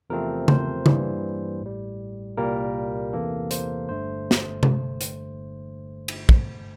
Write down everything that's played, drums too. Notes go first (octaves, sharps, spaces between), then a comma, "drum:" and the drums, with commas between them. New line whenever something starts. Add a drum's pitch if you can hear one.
E2 C3 F3 A3 C4 A#4
C5, drum: tom C#3
G2 E3 G3 A#3, drum: tom C#3
A1 A2 G3
C2 A#2 G3 A#3 A#4
E2 C3 E3 A#3 A4
C5, drum: hi-hat
G1 G2 D3 A3 C5
drum: snare
drum: tom C3
drum: hi-hat
drum: cymbal
drum: kick